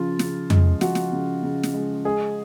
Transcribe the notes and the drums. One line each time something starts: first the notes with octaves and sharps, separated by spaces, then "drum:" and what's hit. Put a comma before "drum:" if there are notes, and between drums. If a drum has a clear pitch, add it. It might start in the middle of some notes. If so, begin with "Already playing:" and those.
Already playing: C#3 F3 F4
C#3, drum: snare
G#3, drum: tom F2
F3 F#4, drum: snare
drum: snare
C#3
C#3
drum: snare
G#3
G#3 G#4